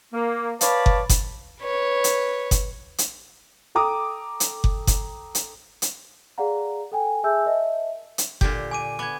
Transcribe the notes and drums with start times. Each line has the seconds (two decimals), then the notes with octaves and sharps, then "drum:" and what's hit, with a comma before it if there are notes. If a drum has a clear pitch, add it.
0.13 A#3
0.61 B4 C#5 D5 F5 A5 B5, drum: hi-hat
0.86 drum: kick F#1
1.09 drum: kick F#1, hi-hat
1.61 B4 C#5
2.04 drum: hi-hat
2.51 drum: kick F#1, hi-hat
2.98 drum: hi-hat
3.75 A4 G5 A#5 D6 D#6
4.40 drum: hi-hat
4.64 drum: kick F#1
4.87 drum: kick F#1, hi-hat
5.35 drum: hi-hat
5.82 drum: hi-hat
6.38 G#4 D5 F5 F#5 A#5
6.92 A4 G5 G#5
7.24 G#4 E5 G#5 A5 E6 G6
7.46 A#4 D#5 E5 A5
8.18 drum: hi-hat
8.41 A#2 D3 G4, drum: kick F#1
8.71 G#5 D6 D#7
8.99 B3 D6 G#6